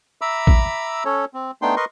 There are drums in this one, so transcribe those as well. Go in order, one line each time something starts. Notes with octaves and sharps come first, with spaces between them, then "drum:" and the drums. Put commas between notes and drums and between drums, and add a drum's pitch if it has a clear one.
E5 A#5 B5 D6 E6
drum: kick
C#4 A4 C#5
C4
A3 B3 D4 D#4 G5 C6
A#4 B4 D#5 C6 C#6